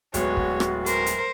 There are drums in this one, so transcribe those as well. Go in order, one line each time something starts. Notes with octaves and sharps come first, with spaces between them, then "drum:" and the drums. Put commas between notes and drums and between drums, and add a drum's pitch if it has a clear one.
D1 G#3 B3 F#4 C#5, drum: hi-hat
drum: kick
drum: rim click
A#4 C5, drum: hi-hat
drum: hi-hat